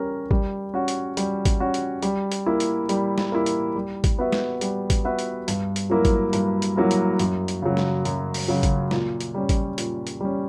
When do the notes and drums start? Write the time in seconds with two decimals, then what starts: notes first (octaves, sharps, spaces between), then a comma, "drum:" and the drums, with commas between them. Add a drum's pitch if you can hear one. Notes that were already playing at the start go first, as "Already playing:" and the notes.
Already playing: G3 C#4 G4 A#4
0.31 G3, drum: kick G#1
0.74 C#4 F#4
0.88 drum: hi-hat
1.17 G3, drum: hi-hat
1.45 drum: kick G#1, hi-hat
1.60 C#4 F#4
1.74 drum: hi-hat
2.02 G3, drum: hi-hat
2.32 drum: hi-hat
2.46 A#3 E4
2.60 drum: hi-hat
2.89 G3, drum: hi-hat
3.18 drum: snare
3.32 A#3 E4
3.46 drum: hi-hat
3.76 G3
4.04 drum: kick G#1, hi-hat
4.19 B3 F#4 B4 E5
4.32 drum: snare
4.61 G3, drum: hi-hat
4.90 drum: kick G#1, hi-hat
5.04 B3 F#4 B4 E5
5.19 drum: hi-hat
5.48 G2, drum: hi-hat
5.76 drum: hi-hat
5.90 F#3 A#3 E4 A#4
6.05 drum: kick G#1, hi-hat
6.33 G2, drum: hi-hat
6.62 drum: hi-hat
6.76 F#3 A#3 E4 A#4
6.91 drum: hi-hat
7.19 F#2, drum: hi-hat
7.48 drum: hi-hat
7.62 C#3 F#3
7.77 drum: snare
8.05 F#2, drum: hi-hat
8.34 drum: open hi-hat
8.48 C#3 F#3
8.63 drum: kick G#1, hi-hat
8.91 A#2, drum: snare
9.20 drum: hi-hat
9.35 G3 C#4
9.49 drum: kick G#1, hi-hat
9.78 A#2, drum: hi-hat
10.07 drum: hi-hat
10.21 G3 C#4